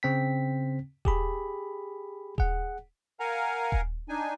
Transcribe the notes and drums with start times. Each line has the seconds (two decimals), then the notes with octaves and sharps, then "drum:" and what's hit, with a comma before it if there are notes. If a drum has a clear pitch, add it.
0.03 C#3 C4 G5 B6
1.05 G4 G#4 B5, drum: kick D#1
2.38 G#4 F#5, drum: kick D#1
3.20 A#4 F5 F#5 G#5 A#5
3.72 drum: kick D#1
4.09 D4 D#4 G#5